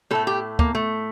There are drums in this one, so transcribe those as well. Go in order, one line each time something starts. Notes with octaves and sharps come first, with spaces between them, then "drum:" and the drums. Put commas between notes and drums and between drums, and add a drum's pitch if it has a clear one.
A2 A3 A4
G4
A#3, drum: kick
A3